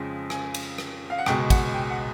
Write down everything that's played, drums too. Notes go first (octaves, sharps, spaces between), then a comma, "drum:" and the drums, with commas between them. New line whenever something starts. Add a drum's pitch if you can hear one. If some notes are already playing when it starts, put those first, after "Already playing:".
Already playing: F2 C#3 F3 G#3
G#5, drum: rim click
drum: cymbal
drum: rim click
F5
F#5
C#2 B2 G#3 G5, drum: rim click
F#5, drum: kick, cymbal
G5
F#5